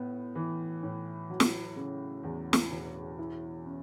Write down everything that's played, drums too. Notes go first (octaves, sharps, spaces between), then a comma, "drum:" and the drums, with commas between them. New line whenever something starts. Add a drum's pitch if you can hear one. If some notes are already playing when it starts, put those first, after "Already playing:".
Already playing: A2 B3
E3
A2
F#3
drum: snare
C#3
E2
drum: snare
E1
E4
C#4